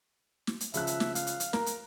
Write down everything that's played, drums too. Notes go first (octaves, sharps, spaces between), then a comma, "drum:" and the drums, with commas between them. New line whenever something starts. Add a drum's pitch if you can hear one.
drum: snare
drum: hi-hat
C#2 F3 E5 F#6, drum: hi-hat
drum: hi-hat
drum: snare
F5, drum: hi-hat
drum: hi-hat
drum: hi-hat
A#4, drum: snare
drum: hi-hat